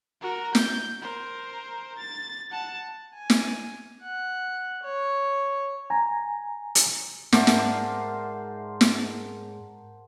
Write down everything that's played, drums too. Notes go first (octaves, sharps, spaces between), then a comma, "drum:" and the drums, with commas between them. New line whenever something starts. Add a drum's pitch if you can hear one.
F#4 A#4
G6, drum: snare
A#4 C5
A6
F#5 A5
G#5
drum: snare
F#5
C#5
G#5 A#5
drum: hi-hat
G#2 A#4 C5 D5 E5 F#5 A5, drum: snare
drum: snare
drum: snare